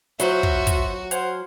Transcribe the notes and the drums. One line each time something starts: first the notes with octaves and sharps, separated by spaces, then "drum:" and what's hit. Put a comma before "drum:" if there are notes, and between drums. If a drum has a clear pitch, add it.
F#3 F4 F#4 B4 C5 E5, drum: hi-hat
drum: kick
drum: kick, hi-hat
C5 F5 F#5 G#5, drum: hi-hat